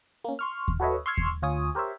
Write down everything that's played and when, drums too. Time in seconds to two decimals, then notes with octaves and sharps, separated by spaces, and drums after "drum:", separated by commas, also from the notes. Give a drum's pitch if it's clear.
0.24 A#3 C#4
0.39 C6 C#6 F6
0.68 drum: kick D#2
0.80 F#4 A4 B4 C#5 D#5 E5
1.06 C6 C#6 E6 F6 G#6
1.18 drum: kick D#2
1.42 D2 F4 C#5 G#5 D#6
1.75 G4 A#4 C5 C#5 E5